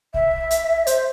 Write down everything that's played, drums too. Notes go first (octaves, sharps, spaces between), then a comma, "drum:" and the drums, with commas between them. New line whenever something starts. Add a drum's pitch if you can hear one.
E5, drum: kick
drum: hi-hat
C5, drum: hi-hat